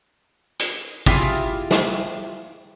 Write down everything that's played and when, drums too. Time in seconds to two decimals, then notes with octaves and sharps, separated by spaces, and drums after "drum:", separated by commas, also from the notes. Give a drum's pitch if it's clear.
0.59 drum: hi-hat
1.06 E4 F4 G4 G#4, drum: kick
1.71 drum: snare